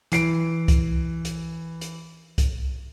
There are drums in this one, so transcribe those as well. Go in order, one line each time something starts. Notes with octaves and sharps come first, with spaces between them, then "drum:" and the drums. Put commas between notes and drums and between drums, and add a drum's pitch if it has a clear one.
E3 C7 D7, drum: hi-hat
drum: kick C2, hi-hat
drum: hi-hat
drum: hi-hat
drum: kick C2, hi-hat